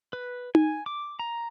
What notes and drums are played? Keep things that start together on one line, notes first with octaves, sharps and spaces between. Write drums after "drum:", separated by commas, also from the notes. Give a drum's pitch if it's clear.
B4
G#5, drum: tom D#4
D6
A#5